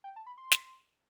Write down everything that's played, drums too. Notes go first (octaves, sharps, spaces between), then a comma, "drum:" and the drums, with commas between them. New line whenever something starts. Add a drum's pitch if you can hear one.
G5
A5
B5
C6
drum: snare